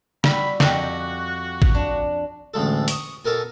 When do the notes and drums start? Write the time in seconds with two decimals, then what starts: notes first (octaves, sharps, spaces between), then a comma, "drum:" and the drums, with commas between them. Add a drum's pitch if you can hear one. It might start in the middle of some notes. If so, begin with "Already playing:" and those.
0.24 G3 E4 F#4 B5, drum: snare
0.60 F2 F#4 G4 D#5, drum: snare
1.62 drum: kick
1.75 D4
2.54 A1 D2 G#3 A4
2.88 C#6 D#6, drum: open hi-hat
3.25 B2 A4 A#4 G#5